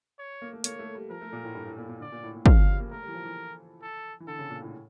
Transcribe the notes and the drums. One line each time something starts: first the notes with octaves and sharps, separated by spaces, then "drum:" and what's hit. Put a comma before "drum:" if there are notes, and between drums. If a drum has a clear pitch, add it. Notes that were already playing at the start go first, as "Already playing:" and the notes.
C#5
A#3
A3
A#3 C#5, drum: hi-hat
A3
G3
F3 A#4
A3
A#2
A2
G2
A2
A#2
A#2
D3 D5
A#2
A2
A#2
C#3 F5, drum: kick
F3
G3
A#3
A3 A#4
G3
E3
F3
E3
A4
E3
D3 A4
C#3
A#2
A2